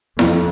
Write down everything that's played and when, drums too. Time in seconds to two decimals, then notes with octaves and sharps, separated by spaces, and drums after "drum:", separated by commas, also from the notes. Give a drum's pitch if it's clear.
0.19 F2, drum: snare E4